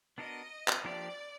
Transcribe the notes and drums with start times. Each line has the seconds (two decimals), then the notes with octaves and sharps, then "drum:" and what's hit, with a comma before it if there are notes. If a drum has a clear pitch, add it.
0.18 B3 D4 F#4 A#4 D#5
0.68 drum: clap
0.85 F3 A#3 D4 G4 D5